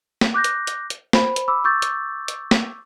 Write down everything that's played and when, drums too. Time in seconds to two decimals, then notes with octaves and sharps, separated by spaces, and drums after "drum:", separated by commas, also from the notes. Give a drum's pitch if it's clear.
0.21 drum: snare
0.34 D6 F#6 G6 A#6
0.44 drum: hi-hat
0.67 drum: hi-hat
0.90 drum: hi-hat
1.13 C5 B5, drum: snare
1.36 drum: hi-hat
1.48 B5 D6 E6
1.64 C#6 D6 E6 G6 A6
1.82 drum: hi-hat
2.28 drum: hi-hat
2.51 drum: snare